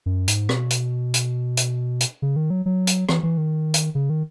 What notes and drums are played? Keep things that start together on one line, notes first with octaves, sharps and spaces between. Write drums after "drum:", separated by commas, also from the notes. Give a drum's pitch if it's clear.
F#2
G#2, drum: hi-hat
B2, drum: rim click
drum: hi-hat
drum: hi-hat
drum: hi-hat
drum: hi-hat
C#3
D#3
F#3
F#3
drum: hi-hat
E3, drum: rim click
E3
D#3
drum: hi-hat
C#3
D#3